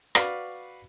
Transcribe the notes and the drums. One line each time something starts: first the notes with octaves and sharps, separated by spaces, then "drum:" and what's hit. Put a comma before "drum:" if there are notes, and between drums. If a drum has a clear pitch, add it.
F#4 B4 D5 F5, drum: rim click